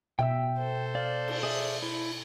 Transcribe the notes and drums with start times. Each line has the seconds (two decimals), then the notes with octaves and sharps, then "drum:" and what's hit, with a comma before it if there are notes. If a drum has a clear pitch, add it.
0.19 B2 E5 G5 E6, drum: tom
0.58 A4 C5
0.95 D5 F5
1.28 drum: cymbal
1.43 G#4 D5 E5
1.82 E4